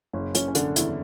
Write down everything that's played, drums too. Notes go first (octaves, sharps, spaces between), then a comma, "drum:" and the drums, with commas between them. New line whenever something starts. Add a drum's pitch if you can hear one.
F#1 C#4
F#1 C#4, drum: hi-hat
C#4
D3 D4, drum: hi-hat
E2 E4, drum: hi-hat